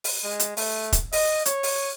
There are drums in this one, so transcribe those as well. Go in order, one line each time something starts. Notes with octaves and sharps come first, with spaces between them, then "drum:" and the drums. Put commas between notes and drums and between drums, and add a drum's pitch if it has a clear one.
drum: open hi-hat
G#3
drum: hi-hat
A3, drum: open hi-hat
drum: kick, hi-hat
D#5, drum: open hi-hat
C#5, drum: hi-hat
drum: open hi-hat